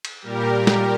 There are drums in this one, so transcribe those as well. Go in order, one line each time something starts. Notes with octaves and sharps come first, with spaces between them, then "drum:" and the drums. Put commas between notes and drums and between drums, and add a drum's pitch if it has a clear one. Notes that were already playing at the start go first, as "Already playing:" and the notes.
drum: cymbal
A#2 G3 G4 A#4
drum: snare